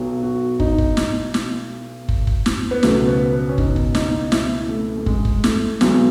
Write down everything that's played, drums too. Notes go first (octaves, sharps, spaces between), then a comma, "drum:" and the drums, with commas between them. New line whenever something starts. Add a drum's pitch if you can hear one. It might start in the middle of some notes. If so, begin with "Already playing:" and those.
Already playing: B1 B2 F#3
F#4
D#4, drum: kick
drum: kick
drum: snare
drum: snare
drum: kick
drum: kick
drum: snare
B3
C#2 B2 F#3 A3, drum: snare
B3
B3
C#4
D#4, drum: kick
drum: kick
D#4, drum: snare
E4, drum: snare
A3
A3
G#3, drum: kick
drum: kick
A3, drum: snare
B1 B2 F#3 G#3, drum: snare